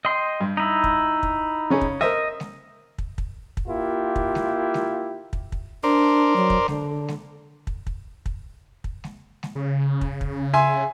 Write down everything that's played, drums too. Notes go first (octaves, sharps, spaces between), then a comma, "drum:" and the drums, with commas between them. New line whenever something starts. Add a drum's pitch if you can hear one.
D#5 G5 C6
G2
D#4 E4
drum: kick
drum: kick
C#3 C#4 G#4
drum: kick
A#4 C5 D#5 E5, drum: snare
drum: snare
drum: kick
drum: kick
drum: kick
A#3 E4 F4 G4
drum: kick
drum: snare
drum: snare
drum: kick
drum: kick
D4 A#4 C5 D5
F#3
drum: kick
D3, drum: snare
drum: snare
drum: kick
drum: kick
drum: kick
drum: kick
drum: snare
drum: snare
C#3
drum: kick
drum: kick
E5 G#5 C6